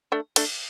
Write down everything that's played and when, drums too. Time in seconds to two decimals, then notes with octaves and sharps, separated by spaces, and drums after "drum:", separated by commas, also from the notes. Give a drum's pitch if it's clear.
0.12 A3 D4
0.36 A3 D4, drum: cymbal